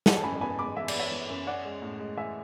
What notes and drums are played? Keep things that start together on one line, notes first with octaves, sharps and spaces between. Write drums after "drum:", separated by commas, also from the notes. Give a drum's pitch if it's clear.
E3 F#5 A5, drum: snare
A5
F#2 G#5 B5
B3 G#5 B5
G#3 B5 D6
E3 E5
D5, drum: cymbal
B3
C#5 E5
E3
F#2
C#4 D5 F#5
G#3
A2
G#3
E3 E5 G#5